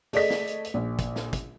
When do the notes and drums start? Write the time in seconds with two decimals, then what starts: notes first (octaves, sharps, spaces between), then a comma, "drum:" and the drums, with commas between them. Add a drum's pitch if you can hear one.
0.13 A3 G#4 D5 D#5 B6, drum: open hi-hat
0.30 drum: snare
0.47 drum: hi-hat
0.64 drum: hi-hat
0.74 A#1
0.99 drum: kick, hi-hat
1.16 drum: snare
1.33 drum: kick, hi-hat